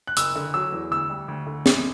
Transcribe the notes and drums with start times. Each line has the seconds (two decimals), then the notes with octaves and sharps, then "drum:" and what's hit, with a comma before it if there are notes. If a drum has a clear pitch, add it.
0.07 F#6
0.17 F#1 E6, drum: hi-hat
0.35 D3
0.54 F#3 E6
0.72 E2
0.91 D2 E6
1.09 G3
1.28 D2
1.47 D3
1.66 A#1, drum: snare